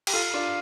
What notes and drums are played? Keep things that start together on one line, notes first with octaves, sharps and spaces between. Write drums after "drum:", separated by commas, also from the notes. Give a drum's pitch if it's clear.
G4, drum: cymbal
F4 A4 F5
D4 F4